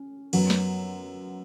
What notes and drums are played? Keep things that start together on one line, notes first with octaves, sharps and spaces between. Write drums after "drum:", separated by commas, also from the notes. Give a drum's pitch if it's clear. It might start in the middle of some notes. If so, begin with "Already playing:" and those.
Already playing: C#4
F#2 F#3 B3, drum: cymbal
drum: snare